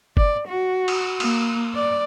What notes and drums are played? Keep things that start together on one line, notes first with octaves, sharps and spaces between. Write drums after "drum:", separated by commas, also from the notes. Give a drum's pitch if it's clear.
D5, drum: kick G1
F#4
drum: cymbal
A#3, drum: cymbal
D5